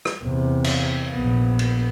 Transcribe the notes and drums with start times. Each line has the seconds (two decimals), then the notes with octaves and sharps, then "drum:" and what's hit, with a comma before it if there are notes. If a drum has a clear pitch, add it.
0.05 drum: rim click
0.23 E2 C3
0.64 drum: cymbal
1.12 A#1 B3
1.59 drum: cymbal